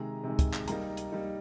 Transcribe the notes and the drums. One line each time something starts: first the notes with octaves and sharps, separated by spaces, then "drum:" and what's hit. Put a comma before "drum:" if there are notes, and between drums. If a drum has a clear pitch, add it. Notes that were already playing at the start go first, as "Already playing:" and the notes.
Already playing: C3 D#3 G#3 A#5
C3 D#3 G#3
drum: kick, hi-hat
drum: clap
G3 A#3 D#4 A#5, drum: hi-hat
drum: hi-hat
G3 A#3 D#4